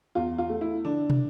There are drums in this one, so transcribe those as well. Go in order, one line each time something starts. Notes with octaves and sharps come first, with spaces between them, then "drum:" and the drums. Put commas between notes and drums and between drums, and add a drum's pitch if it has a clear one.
E2 F4
F4
A3
E4
D3 D4
drum: tom